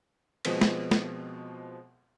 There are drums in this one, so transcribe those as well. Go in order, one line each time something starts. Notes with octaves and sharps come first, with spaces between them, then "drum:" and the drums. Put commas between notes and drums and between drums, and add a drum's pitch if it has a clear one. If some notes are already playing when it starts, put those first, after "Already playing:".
B2 F3 G#3 B3 C4, drum: cymbal
drum: snare
drum: snare